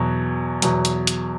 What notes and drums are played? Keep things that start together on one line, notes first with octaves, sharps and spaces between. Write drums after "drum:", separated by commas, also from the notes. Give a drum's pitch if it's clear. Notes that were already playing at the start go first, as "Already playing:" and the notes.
Already playing: E2 B2 F#3
E2 B2 F#3, drum: hi-hat
drum: hi-hat
drum: hi-hat